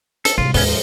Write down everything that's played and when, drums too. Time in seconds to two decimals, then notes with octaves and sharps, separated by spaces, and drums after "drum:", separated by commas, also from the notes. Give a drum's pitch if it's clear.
0.25 A4, drum: hi-hat
0.38 C2 G#2 F4
0.54 D#2 G#2 B3 C#4, drum: open hi-hat
0.68 F3